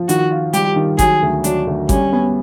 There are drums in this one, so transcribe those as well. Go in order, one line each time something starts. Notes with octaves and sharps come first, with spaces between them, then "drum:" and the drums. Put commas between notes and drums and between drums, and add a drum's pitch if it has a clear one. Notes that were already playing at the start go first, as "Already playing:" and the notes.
Already playing: F3
D#3 F#4, drum: hi-hat
F4
G3 G4, drum: hi-hat
D#3
F#3 G#4, drum: kick G#1, hi-hat
D2
F#3 D4, drum: hi-hat
D2
G3 C#4, drum: kick G#1, hi-hat
B3